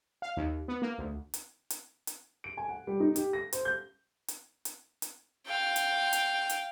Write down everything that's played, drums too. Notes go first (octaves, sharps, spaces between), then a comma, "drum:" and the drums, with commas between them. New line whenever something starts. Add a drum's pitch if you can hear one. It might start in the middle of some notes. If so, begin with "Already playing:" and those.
F5
D#2
B3
A#3
D2
drum: hi-hat
drum: hi-hat
drum: hi-hat
D7
G#5
F#5
G3
D#4
G4, drum: hi-hat
A#6
C5, drum: hi-hat
G6
drum: hi-hat
drum: hi-hat
drum: hi-hat
F5 G5
drum: hi-hat
drum: hi-hat
drum: hi-hat